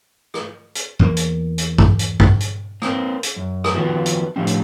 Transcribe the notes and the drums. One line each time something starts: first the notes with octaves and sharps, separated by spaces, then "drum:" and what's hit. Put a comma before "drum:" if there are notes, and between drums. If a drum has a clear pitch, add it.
drum: rim click
drum: hi-hat
E2 A#3
drum: hi-hat
drum: hi-hat
drum: kick
drum: hi-hat
drum: kick
drum: hi-hat
A#3 C4, drum: rim click
drum: hi-hat
F#2
drum: rim click
D#3 F3 B3 F#4
drum: hi-hat
A2 D3 F3 G3 C4
drum: hi-hat